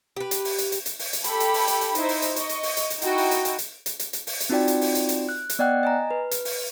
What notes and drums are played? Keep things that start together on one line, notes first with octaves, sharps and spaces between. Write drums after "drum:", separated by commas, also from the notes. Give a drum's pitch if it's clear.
G4 B4
drum: hi-hat
drum: open hi-hat
drum: hi-hat
drum: hi-hat
drum: hi-hat
drum: open hi-hat
drum: hi-hat
G4 A4 B5, drum: hi-hat
drum: hi-hat
drum: open hi-hat
drum: hi-hat
drum: hi-hat
D#4 E4 C5, drum: hi-hat
drum: open hi-hat
drum: hi-hat
D#5 C#6, drum: hi-hat
drum: hi-hat
drum: open hi-hat
drum: hi-hat
drum: hi-hat
D#4 E4 F#4 G5, drum: hi-hat
drum: open hi-hat
drum: hi-hat
drum: hi-hat
drum: hi-hat
drum: hi-hat
drum: hi-hat
drum: hi-hat
drum: open hi-hat
drum: hi-hat
C4 D#4 F4 F#4 D5 G5
drum: hi-hat
drum: open hi-hat
drum: hi-hat
drum: hi-hat
F#6
drum: hi-hat
B3 D5 D#5 F#5 G5 F#6
D#5 G#5 A#5
B4
drum: hi-hat
drum: open hi-hat